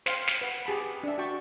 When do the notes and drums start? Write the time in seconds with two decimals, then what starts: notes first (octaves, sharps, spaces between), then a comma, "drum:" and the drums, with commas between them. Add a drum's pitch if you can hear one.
0.06 C5 F5 G5, drum: snare
0.27 drum: snare
0.41 B4 F#5
0.66 G4 G#4 A5 B5
1.03 D4 E5
1.18 F#4 G5 A5 C#6